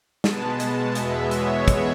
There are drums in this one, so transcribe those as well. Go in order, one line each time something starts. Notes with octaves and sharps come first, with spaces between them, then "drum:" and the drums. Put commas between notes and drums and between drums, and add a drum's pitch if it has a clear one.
B2 G#3 B3 A5, drum: snare
drum: hi-hat
E2 B2 G#3 B3 E5, drum: hi-hat
C#5, drum: hi-hat
drum: kick, hi-hat